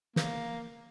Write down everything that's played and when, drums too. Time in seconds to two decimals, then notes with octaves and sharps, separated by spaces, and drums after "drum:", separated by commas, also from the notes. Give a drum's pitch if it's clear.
0.16 A#3, drum: snare